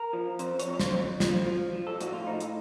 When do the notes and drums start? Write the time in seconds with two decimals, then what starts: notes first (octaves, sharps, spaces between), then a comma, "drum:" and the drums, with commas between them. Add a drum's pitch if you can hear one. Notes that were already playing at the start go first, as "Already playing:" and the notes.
Already playing: A#4
0.13 F3
0.39 F2 C5, drum: hi-hat
0.60 C#5, drum: hi-hat
0.67 F2
0.73 C#5
0.79 C5, drum: snare
0.94 F2
1.20 F3, drum: snare
1.47 F3
1.73 F3
1.87 A4
2.01 A2 F#4, drum: hi-hat
2.13 F4
2.27 A2 D#4
2.40 drum: hi-hat